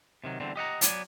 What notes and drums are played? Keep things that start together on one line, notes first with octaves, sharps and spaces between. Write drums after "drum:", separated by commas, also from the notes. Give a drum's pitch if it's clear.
C3 D#3 F#3
E2 D3 G3 C4
G4 D#5 F#5 A#5
F#3 B3 D5 G#5, drum: hi-hat